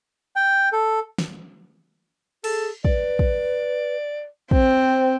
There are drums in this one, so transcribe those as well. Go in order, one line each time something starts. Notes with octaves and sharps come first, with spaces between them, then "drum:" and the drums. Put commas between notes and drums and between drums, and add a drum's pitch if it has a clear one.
G5
A4
drum: snare
G#4 A4, drum: cymbal
B4 D5, drum: kick
drum: kick
C4 C5, drum: kick